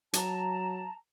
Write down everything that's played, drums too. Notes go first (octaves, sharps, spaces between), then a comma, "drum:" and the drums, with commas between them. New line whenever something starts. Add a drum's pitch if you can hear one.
F#3 A5 A#5, drum: hi-hat